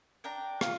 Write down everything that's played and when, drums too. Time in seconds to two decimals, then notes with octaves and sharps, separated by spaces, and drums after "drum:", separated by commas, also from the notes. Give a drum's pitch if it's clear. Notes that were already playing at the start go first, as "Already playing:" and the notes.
0.24 D4 G5 A#5
0.61 F4, drum: rim click